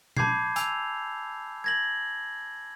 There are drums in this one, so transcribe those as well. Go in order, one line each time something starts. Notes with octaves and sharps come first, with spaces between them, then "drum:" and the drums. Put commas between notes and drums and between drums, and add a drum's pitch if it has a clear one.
A5 B5 D6 G6 G#6 C7, drum: tom A#2
G#5 E6 F7, drum: hi-hat
G#6 A#6 F#7